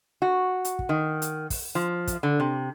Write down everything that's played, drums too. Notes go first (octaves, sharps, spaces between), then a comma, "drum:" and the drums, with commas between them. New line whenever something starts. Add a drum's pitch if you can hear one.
F#4
drum: hi-hat
drum: kick
D#3
drum: hi-hat
drum: kick, open hi-hat
F3
drum: kick, hi-hat
D3
C3